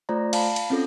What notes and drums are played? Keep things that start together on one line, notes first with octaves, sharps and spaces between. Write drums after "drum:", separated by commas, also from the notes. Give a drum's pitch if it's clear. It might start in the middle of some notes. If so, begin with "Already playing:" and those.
A3 F4 C5 D5 A#5
F5 A5 B5, drum: cymbal
drum: cymbal
C4 C#4 F4 A4